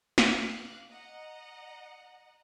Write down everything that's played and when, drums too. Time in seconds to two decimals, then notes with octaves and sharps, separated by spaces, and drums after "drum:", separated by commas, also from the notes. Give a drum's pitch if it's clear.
0.18 drum: snare
0.37 F5 D6 F#6
0.91 D#5 F#5 A#5